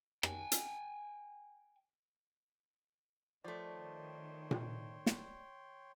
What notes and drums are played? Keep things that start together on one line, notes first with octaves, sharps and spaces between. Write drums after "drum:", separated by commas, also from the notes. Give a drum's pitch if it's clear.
G5 G#5, drum: rim click
drum: hi-hat
D#3 F3 A3 C#5 D5 G5 C6
drum: tom A#2
drum: snare